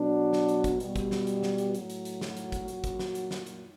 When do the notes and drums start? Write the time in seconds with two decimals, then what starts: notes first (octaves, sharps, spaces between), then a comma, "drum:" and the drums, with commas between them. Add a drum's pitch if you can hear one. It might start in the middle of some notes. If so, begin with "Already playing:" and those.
Already playing: B2 F#3 D4
0.33 drum: snare
0.49 drum: hi-hat
0.64 drum: kick, hi-hat
0.80 B2 G3, drum: hi-hat
0.96 drum: kick, hi-hat
1.11 drum: snare
1.27 drum: hi-hat
1.43 drum: snare
1.58 drum: hi-hat
1.75 A2 F#3, drum: hi-hat
1.90 drum: hi-hat
2.05 drum: hi-hat
2.21 F#4, drum: snare
2.37 drum: hi-hat
2.52 drum: kick, hi-hat
2.68 A#2 F#3, drum: hi-hat
2.84 drum: kick, hi-hat
2.99 drum: snare
3.15 drum: hi-hat
3.31 drum: snare
3.46 drum: hi-hat